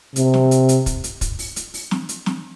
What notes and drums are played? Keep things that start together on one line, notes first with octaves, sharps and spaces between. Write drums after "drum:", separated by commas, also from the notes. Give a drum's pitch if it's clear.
C3, drum: hi-hat
drum: snare
drum: hi-hat
drum: hi-hat
drum: kick, hi-hat
drum: hi-hat
drum: kick, hi-hat
drum: open hi-hat
drum: hi-hat
drum: open hi-hat
drum: snare
drum: hi-hat
drum: snare